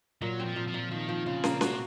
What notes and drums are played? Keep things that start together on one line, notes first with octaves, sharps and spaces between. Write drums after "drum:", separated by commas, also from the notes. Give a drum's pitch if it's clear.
A#2 F#3
C4
F3
A#2
F3
A#2
D#3 F3
F3
C#3 F4
A#3, drum: snare
C3 F#4, drum: snare